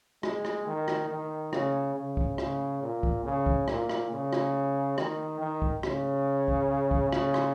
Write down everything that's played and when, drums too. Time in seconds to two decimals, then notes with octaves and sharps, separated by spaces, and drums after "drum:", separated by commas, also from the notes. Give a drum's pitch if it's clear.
0.23 G#3, drum: rim click
0.45 drum: rim click
0.67 D#3
0.88 drum: rim click
1.09 D#3
1.53 C#3, drum: rim click
1.95 C#3
2.17 drum: kick C2
2.38 C#3, drum: rim click
2.82 A#2
3.03 drum: kick C2
3.25 C#3
3.46 drum: kick C2
3.68 A#2, drum: rim click
3.89 drum: rim click
4.11 C#3
4.33 drum: rim click
4.98 D#3, drum: rim click
5.40 D#3
5.62 drum: kick C2
5.83 C#3, drum: rim click
6.48 drum: kick C2
6.91 drum: kick C2
7.12 C#3, drum: rim click
7.34 drum: rim click